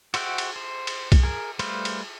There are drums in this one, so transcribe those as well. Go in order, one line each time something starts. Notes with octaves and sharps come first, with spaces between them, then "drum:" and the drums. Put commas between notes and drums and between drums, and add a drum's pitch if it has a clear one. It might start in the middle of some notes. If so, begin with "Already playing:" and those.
F#4 C5 E5 F#5 G5, drum: cymbal
drum: cymbal
C5
drum: cymbal
drum: kick, cymbal
G#4 A#4
G3 A3 B4 C5 F5, drum: cymbal
drum: cymbal